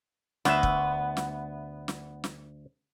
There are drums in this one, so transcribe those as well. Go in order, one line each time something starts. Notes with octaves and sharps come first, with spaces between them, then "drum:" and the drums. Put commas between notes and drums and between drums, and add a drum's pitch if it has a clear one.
D2 B3 E5, drum: snare
drum: kick
drum: snare
drum: snare
drum: snare